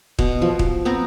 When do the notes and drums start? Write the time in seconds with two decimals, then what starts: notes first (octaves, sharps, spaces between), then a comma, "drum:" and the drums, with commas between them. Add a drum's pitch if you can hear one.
0.19 B2, drum: kick
0.42 F3
0.59 drum: kick
0.85 B3 C4 A#5